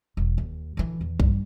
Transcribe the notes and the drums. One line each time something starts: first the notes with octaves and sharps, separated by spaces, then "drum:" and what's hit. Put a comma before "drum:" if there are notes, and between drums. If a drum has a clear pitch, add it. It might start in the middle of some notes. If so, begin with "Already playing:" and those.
E1
D#2
D3 E3
E2
G2, drum: kick